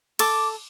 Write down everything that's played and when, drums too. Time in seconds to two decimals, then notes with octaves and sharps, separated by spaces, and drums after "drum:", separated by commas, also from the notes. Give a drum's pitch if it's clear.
0.19 A4 D6, drum: cymbal